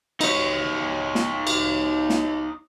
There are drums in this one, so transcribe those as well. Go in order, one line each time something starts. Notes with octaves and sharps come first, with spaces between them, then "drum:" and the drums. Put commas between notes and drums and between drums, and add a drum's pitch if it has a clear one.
D#4 C#5, drum: cymbal
drum: snare
drum: cymbal
drum: snare